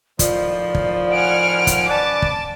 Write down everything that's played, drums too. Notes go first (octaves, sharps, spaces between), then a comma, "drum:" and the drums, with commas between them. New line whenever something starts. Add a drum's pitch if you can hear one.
A2 D#3 F3 D5, drum: kick, hi-hat
drum: kick
F#5 G#5 F6 D7
drum: kick, hi-hat
C#4 B4 D5 A5 D6
drum: kick